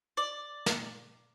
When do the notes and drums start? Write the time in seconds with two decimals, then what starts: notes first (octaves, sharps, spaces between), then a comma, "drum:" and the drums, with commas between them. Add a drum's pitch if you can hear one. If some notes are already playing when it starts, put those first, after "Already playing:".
0.17 D5
0.66 drum: snare